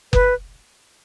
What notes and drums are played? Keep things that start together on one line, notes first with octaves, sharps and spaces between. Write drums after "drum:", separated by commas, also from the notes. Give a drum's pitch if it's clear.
B4, drum: kick F#1